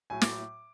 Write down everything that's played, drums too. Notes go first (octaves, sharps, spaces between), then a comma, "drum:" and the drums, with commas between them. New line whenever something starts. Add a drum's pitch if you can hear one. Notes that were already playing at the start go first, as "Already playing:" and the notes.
A2 F#3 G#5
D6, drum: snare